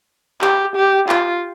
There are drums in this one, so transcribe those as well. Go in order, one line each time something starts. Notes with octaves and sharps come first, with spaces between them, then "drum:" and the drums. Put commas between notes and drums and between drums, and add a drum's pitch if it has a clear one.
G4, drum: clap
G4
F4, drum: clap